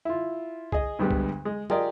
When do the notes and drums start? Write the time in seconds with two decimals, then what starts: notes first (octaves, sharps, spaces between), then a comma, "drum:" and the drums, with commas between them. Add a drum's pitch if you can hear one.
0.05 E4 F4
0.72 G#4 D#5, drum: kick C2
0.99 D2 G2 G3 G#3 B3
1.11 drum: kick C2
1.45 G#3
1.70 F4 G4 G#4 A#4 D5 D#5, drum: tom